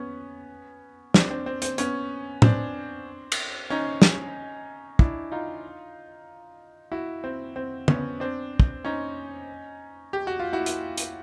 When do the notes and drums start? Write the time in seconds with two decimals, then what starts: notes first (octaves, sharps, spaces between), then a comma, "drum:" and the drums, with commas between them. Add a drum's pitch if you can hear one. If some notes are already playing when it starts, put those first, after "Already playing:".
Already playing: B3 C#4
1.14 C4 D4, drum: snare
1.30 C4
1.46 C4
1.62 C4, drum: hi-hat
1.78 B3 C#4, drum: hi-hat
2.42 C4 D4, drum: tom
3.32 drum: cymbal
3.70 C#4 D#4
4.02 drum: snare
4.99 D4 E4, drum: kick
5.32 D#4 F4
6.92 E4 F#4
7.24 C4
7.56 C4
7.88 B3 C#4, drum: tom
8.20 C4 D4
8.60 drum: kick
8.85 C#4 D#4
10.13 G4
10.27 F#4
10.40 F4
10.53 E4 F#4
10.66 drum: hi-hat
10.98 drum: hi-hat